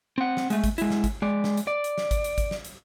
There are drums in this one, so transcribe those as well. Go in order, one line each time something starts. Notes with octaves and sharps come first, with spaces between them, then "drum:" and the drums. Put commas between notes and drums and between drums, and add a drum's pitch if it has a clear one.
C4 F#5
drum: snare
G#3 A3, drum: hi-hat
drum: kick G#1, hi-hat
G#3 E4, drum: hi-hat
drum: snare
drum: kick G#1, hi-hat
G#3 D5
drum: snare
drum: hi-hat
D5
drum: hi-hat
drum: snare
drum: kick G#1, hi-hat
drum: hi-hat
drum: kick G#1, hi-hat
drum: snare
drum: hi-hat